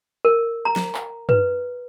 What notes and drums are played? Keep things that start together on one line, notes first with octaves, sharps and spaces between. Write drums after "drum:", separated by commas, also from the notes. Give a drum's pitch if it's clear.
A#4
A#5
drum: snare
drum: clap
B4, drum: tom